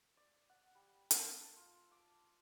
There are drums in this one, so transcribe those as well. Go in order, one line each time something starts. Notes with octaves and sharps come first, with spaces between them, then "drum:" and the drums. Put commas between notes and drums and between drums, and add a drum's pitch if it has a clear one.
D5
F#5
G3
A5, drum: hi-hat
A4
F4
D6